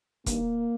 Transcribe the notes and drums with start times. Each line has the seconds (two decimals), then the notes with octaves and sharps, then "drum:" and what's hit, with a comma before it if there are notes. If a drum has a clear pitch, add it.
0.26 G2 D#3 A#3, drum: kick E1, hi-hat